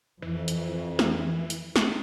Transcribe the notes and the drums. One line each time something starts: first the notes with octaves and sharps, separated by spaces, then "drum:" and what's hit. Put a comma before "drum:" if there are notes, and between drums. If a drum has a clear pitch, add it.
F2 E3
drum: hi-hat
drum: snare
drum: hi-hat
drum: snare